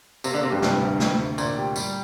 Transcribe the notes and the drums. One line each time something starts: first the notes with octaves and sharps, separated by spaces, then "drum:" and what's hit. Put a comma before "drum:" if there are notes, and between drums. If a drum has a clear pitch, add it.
C3 A#3, drum: tambourine
D3
C3 A#3
G2
G2 C3, drum: snare
D2
G4, drum: snare
D2
D2 A#2, drum: tambourine
G4
G3, drum: tambourine